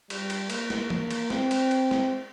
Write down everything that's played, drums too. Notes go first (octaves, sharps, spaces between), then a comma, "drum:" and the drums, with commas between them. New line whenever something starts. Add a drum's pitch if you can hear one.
G3, drum: cymbal
drum: cymbal
A#3, drum: cymbal
drum: snare
drum: tom E3
drum: cymbal
C4, drum: snare
drum: cymbal
drum: cymbal
drum: snare